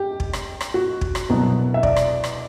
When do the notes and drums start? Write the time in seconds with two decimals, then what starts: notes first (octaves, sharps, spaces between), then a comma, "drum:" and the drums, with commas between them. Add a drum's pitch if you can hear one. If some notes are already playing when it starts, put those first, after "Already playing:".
Already playing: G4
0.20 drum: kick
0.33 drum: rim click
0.61 drum: rim click
0.74 F#4
1.01 drum: kick
1.15 drum: rim click
1.29 C2 B2 F#3 B3
1.74 E5
1.83 D5, drum: kick
1.96 drum: rim click
2.24 drum: rim click